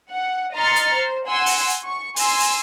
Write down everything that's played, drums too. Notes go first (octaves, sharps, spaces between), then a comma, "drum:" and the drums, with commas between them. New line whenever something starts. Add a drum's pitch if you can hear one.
F#5
D#5 A#5 C6 F6 A6 C#7
drum: hi-hat
C5
F#5 G#5 C6 E6
drum: open hi-hat
drum: hi-hat
C#6
G#5 C6 E6, drum: open hi-hat
drum: open hi-hat